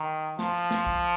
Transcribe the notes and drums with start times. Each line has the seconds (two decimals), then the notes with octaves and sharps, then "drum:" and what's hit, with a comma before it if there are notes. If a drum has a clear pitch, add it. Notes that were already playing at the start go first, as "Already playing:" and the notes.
Already playing: D#3
0.39 F3, drum: snare
0.71 drum: snare
0.87 drum: kick B1